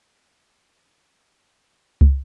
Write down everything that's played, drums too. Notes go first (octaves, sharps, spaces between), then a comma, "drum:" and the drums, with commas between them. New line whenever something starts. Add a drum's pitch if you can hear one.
E5
B4 D5
C#5 E5
C#5 E5
C#5 E5
B4 D5
C#5 E5
B4 D5
A4 C#5
C#4 E4, drum: kick